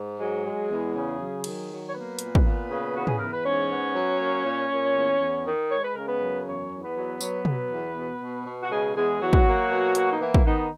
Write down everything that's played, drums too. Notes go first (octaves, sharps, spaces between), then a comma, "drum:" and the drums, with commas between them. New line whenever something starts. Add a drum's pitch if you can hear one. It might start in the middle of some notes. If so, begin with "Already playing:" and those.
Already playing: G#2
F#3 G#3 G#4
G#3
E2
C#3
F#3
D#3, drum: cymbal
F#3
C#5
A#3 B3 B4
A#2, drum: hi-hat
drum: kick
A#2
C#3
E2 F#4
G#4, drum: tom
E2 A#4
B4
G#2 C#4 C#5
B3
F#3
A#3
A#2
A#2
E2
E2
D#3
G#3 C#5
B4
C#3 A#4
B3 B4
F#2
E2 C#4 C#5
E2
B3 B4
F#3
F#3, drum: tambourine
F#3, drum: tom
E2
B2
B2
B2
F#4
C#3 G#3 G#4
E2 G#3 G#4
E2 F#3 F#4
drum: kick
A#3
B2
A#3, drum: hi-hat
D#4
E3 B3 E4
drum: kick
D#3 B3 D#4